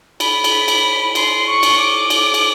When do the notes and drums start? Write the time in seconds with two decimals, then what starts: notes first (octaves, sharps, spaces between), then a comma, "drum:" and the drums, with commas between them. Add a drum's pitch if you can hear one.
0.20 B5, drum: cymbal
0.44 drum: cymbal
0.68 drum: cymbal
1.15 C6, drum: cymbal
1.47 C#6
1.63 drum: cymbal
1.78 D6
2.10 drum: cymbal
2.34 drum: cymbal